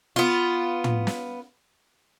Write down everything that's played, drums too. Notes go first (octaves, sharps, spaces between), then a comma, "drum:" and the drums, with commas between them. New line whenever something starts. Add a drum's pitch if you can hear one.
B3 F4
drum: tom
drum: snare